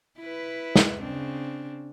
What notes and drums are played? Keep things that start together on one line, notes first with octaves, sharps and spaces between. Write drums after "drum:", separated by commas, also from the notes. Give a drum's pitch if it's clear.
E4 B4
drum: snare
C#3 C4 D4